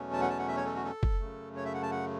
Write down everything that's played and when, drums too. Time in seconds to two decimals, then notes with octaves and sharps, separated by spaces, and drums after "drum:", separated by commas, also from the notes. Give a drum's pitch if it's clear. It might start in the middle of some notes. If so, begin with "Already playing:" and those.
Already playing: E2 B2 F#3 A3 C#4
0.13 A5
0.21 F#5
0.30 A5
0.39 F#5
0.48 E5
0.56 C#5
0.66 A4
0.75 F#4
0.85 A4
1.03 drum: kick F#1
1.20 F#2 C#3 A3
1.56 C#5
1.65 E5
1.74 F#5
1.83 A5
1.91 F#5